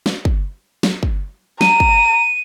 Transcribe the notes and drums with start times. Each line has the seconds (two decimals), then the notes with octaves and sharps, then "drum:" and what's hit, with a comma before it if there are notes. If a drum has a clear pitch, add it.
0.06 drum: snare
0.25 drum: kick
0.83 drum: snare
1.03 drum: kick
1.61 A#5 D#7, drum: snare
1.80 drum: kick